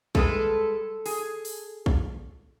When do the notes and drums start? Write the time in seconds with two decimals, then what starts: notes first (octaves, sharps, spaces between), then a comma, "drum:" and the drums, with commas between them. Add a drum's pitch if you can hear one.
0.15 G3 G#3 A4 B4, drum: kick
1.06 G#4, drum: open hi-hat
1.45 drum: open hi-hat
1.86 drum: kick